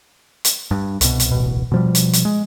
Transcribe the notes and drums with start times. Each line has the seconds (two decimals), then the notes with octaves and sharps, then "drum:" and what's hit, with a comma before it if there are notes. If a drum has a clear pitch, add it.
0.45 drum: hi-hat
0.71 G2
1.01 C2 B2, drum: hi-hat
1.20 drum: hi-hat
1.31 D1 A1 B2
1.72 B2 F3 G3
1.95 drum: hi-hat
2.13 drum: hi-hat
2.25 G#3